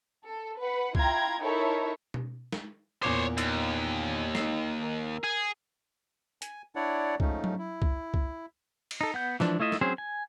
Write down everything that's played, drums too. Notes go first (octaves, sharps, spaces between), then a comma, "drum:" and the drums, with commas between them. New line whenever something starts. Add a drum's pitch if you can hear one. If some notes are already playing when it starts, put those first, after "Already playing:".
A4
B4 F#5
E4 F4 G5 A#5 G#6, drum: kick C2
D#4 E4 A4 A#4 C#5 E5
drum: tom B2
drum: snare
E2 A#2 C5 C#5 D6
D#2, drum: hi-hat
D#4 E6 C7, drum: snare
A#4
G#4
G#5, drum: hi-hat
D4 E4 C#5 D5 F#5
G#2 F3 A3 C#4 D#4, drum: kick C2
drum: tom F#3
E4
drum: kick C2
drum: kick C2
drum: cymbal
D#4 A4
B3 F#5 G6
E3 F3 D4, drum: snare
A3 E4 F4 D#5 E5
drum: snare
F#3 C4 C#4 G#4 C5
G#5